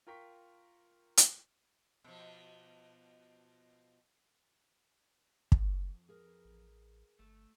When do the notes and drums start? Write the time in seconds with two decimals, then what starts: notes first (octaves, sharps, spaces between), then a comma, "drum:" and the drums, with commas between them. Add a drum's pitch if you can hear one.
0.07 F4 A#4 G5 C#6 B6
1.17 drum: hi-hat
2.04 B2 F3
5.52 F2, drum: kick
6.09 G#4 A#4 B4
6.45 A1
7.19 G1 A3